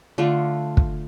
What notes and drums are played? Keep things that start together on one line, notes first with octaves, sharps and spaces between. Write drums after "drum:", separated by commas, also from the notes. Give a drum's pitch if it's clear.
D3 A3 D4 F4
drum: kick